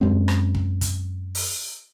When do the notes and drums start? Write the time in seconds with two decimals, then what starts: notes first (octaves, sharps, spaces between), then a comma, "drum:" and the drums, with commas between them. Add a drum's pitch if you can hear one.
0.01 F#2 G#3 C4
0.28 drum: rim click
0.55 drum: kick
0.81 drum: kick, hi-hat
1.35 drum: open hi-hat